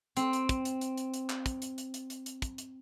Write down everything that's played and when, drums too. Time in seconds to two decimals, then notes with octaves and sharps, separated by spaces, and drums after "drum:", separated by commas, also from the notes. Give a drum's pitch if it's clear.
0.17 C4, drum: hi-hat
0.33 drum: hi-hat
0.49 drum: kick, hi-hat
0.65 drum: hi-hat
0.81 drum: hi-hat
0.97 drum: hi-hat
1.14 drum: hi-hat
1.30 drum: clap
1.46 drum: kick, hi-hat
1.62 drum: hi-hat
1.78 drum: hi-hat
1.94 drum: hi-hat
2.10 drum: hi-hat
2.26 drum: hi-hat
2.42 drum: kick, hi-hat
2.58 drum: hi-hat